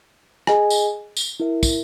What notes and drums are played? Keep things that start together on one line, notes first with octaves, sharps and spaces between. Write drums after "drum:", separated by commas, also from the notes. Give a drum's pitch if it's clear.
G#4 D#5 G#5, drum: rim click
drum: tambourine
drum: tambourine
E4 A#4 E5
drum: kick, tambourine